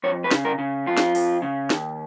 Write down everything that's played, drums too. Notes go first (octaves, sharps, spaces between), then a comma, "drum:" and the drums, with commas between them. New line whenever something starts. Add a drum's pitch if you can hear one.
F2 C#5
B4
C#3, drum: snare
A#4
C#3
F2 F4
drum: snare
F2, drum: open hi-hat
C#3
D#2, drum: snare